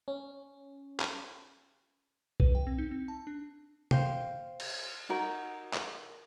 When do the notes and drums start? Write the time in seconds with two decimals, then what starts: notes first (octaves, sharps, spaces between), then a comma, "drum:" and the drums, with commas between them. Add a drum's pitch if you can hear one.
0.08 C#4
1.00 drum: clap
2.40 B4, drum: kick B1
2.55 G5
2.67 C4
2.78 D#4
2.91 C4
3.08 A5
3.27 D4
3.91 C5 F5 G5, drum: tom
4.60 drum: cymbal
5.09 D#4 F#4 A#4
5.73 drum: clap